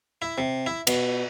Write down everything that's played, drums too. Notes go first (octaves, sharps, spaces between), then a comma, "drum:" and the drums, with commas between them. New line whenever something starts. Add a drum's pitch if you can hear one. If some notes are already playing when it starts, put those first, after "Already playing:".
E4
C3
E4
B2, drum: cymbal